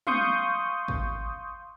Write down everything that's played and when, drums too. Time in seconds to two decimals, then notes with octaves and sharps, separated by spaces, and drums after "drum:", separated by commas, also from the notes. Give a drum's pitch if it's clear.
0.07 F5 C6 C#6 D#6 G6, drum: tom
0.88 drum: kick